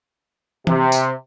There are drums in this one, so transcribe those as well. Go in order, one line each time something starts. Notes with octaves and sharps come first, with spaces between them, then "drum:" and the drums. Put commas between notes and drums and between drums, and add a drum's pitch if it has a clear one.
C3, drum: tom E3
drum: tambourine